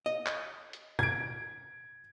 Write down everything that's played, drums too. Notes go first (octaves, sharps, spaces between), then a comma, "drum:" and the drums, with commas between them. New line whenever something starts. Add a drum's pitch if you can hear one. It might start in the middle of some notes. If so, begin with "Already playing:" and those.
D#5
drum: clap
drum: hi-hat
G#6 D7, drum: tom B2